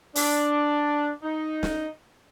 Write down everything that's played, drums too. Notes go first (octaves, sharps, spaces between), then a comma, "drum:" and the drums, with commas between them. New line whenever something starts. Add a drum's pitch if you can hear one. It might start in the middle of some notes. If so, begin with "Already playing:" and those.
D4, drum: open hi-hat
D#4
drum: snare